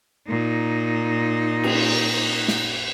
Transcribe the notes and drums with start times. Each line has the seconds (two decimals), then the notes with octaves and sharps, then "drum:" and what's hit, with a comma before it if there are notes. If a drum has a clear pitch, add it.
0.29 A#2 D#4
1.64 drum: cymbal
2.48 drum: snare